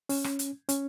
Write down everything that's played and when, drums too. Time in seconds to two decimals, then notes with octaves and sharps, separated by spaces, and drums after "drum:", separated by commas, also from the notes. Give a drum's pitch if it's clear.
0.09 C#4, drum: open hi-hat
0.24 drum: rim click
0.39 drum: hi-hat
0.69 C#4, drum: hi-hat